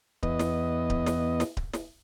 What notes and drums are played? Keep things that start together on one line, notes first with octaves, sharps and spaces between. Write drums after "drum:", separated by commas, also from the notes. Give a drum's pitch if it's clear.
E2 B3 D#5, drum: kick D1
drum: snare
drum: kick D1
drum: snare
drum: snare
drum: kick D1
drum: snare